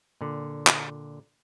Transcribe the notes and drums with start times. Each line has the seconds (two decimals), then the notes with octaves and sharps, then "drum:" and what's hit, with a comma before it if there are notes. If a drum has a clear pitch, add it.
0.21 A#2 D3
0.67 drum: clap